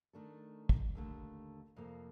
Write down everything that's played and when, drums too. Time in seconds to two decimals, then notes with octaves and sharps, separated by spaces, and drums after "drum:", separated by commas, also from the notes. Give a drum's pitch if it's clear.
0.13 D#3 A3 D4 A4
0.69 drum: kick
0.95 D#2 D3 A3
1.76 F2 C3 F3 A#3